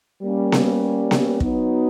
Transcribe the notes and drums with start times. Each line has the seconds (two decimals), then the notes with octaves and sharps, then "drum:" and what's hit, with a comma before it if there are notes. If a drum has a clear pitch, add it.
0.22 G3 A#3 C#4
0.52 drum: snare B3
1.11 drum: snare B3
1.40 F#3 B3 D#4, drum: kick